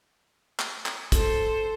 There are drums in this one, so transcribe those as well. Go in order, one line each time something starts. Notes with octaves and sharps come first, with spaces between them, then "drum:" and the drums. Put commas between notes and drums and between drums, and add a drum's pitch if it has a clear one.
drum: clap
drum: clap
A4 C5, drum: kick, hi-hat